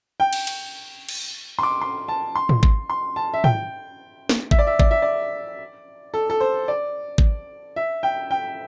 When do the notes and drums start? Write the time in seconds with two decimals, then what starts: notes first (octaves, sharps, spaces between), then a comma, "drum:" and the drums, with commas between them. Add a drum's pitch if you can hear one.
0.20 G5
0.33 drum: cymbal
0.47 drum: cymbal
1.09 drum: cymbal
1.59 C6
1.63 D6
1.81 C6
2.08 A5
2.35 C6
2.49 drum: tom
2.63 drum: kick G#1
2.90 C6
3.16 A5
3.34 E5
3.44 G5, drum: tom
4.29 drum: snare
4.51 E5, drum: kick G#1
4.59 D5
4.67 E5
4.79 D5, drum: kick G#1
4.91 E5
5.02 D5
6.14 A4
6.30 A4
6.40 C5
6.68 D5
7.18 drum: kick G#1
7.76 E5
8.03 G5
8.31 G5